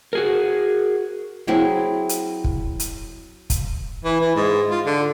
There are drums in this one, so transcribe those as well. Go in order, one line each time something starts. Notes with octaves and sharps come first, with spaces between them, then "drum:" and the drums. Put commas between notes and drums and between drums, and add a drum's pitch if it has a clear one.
F#4 G#4 A#4
F#3 C4 E4 G#4
drum: hi-hat
drum: kick
drum: hi-hat
drum: kick, hi-hat
E3
E3
G#2
F4
D3